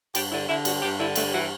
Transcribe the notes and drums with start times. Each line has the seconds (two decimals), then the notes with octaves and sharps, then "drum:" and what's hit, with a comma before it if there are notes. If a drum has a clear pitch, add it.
0.15 G2 G4, drum: cymbal
0.31 D3 E4
0.48 D3 E4
0.65 G2 F#4, drum: cymbal
0.81 G2 G4
0.99 D3 E4
1.16 G2 A3, drum: cymbal
1.32 E3 F#4